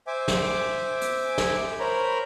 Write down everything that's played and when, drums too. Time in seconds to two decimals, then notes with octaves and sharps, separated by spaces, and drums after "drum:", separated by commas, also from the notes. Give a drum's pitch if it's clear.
0.07 C5 E5 G#5 D6
0.28 drum: snare
1.01 drum: hi-hat
1.38 drum: snare
1.80 A#4 C5 C#5 A#5 B5